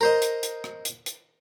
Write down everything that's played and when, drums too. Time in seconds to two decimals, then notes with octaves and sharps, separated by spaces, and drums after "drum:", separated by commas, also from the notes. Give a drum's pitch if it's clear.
0.01 A#4 C5 D#5
0.22 drum: hi-hat
0.43 drum: hi-hat
0.64 drum: rim click
0.85 drum: hi-hat
1.06 drum: hi-hat